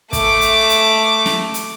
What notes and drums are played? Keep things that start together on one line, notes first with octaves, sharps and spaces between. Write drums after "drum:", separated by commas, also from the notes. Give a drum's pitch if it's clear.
A3 D6, drum: kick, hi-hat
drum: hi-hat
drum: hi-hat
drum: snare
drum: hi-hat